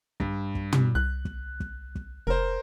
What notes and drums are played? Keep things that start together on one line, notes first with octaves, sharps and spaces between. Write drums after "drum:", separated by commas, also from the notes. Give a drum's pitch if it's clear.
G2, drum: kick
drum: kick
drum: tom
C2 F#6
drum: kick
drum: kick
drum: kick
F1 A#4 C5